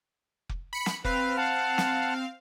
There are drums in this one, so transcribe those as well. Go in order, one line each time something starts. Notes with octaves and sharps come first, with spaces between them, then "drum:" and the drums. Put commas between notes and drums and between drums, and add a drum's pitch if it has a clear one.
drum: kick F1
B5 C#7
drum: snare
C4 B4 F5, drum: kick F1
F#5 A5
drum: snare